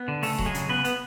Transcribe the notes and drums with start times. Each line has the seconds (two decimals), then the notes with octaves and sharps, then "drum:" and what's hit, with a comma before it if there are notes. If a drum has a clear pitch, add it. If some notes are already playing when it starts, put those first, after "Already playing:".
Already playing: B3
0.08 D3
0.23 C#3 A3 A4, drum: open hi-hat
0.38 F#3, drum: kick D#1
0.46 G#3 G#4
0.54 C#3, drum: hi-hat
0.69 C#3 B3 B4
0.84 B3, drum: hi-hat